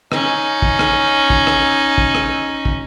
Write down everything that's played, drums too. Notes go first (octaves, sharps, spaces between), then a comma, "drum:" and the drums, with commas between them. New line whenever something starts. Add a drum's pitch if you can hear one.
C#4 D#4, drum: rim click
drum: kick
drum: rim click
drum: kick
drum: rim click
drum: kick
drum: rim click
drum: kick